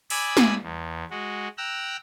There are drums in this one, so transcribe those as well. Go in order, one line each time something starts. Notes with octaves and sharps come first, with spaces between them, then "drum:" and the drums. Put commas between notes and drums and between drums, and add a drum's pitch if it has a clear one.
D5 G#5 B5 D#6 E6, drum: open hi-hat
drum: snare
E2
G#3 F#4
G5 A#5 E6 F#6